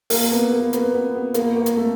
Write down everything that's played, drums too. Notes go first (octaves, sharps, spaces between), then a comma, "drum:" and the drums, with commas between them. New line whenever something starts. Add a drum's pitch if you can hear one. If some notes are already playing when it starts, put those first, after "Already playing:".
A#3, drum: open hi-hat
B3
A#3
B3, drum: hi-hat
B3
B3
A#3, drum: hi-hat
A#3
drum: hi-hat
A3